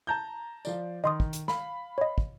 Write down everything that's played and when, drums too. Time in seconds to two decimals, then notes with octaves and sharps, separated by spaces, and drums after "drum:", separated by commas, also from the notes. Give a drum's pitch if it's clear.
0.07 A5 A#5 G6
0.65 F3 D5, drum: tambourine
1.04 D#3 D#5 C6 D#6
1.20 drum: kick
1.33 drum: hi-hat
1.48 F5 B5, drum: snare
1.98 C#5 D#5
2.18 drum: kick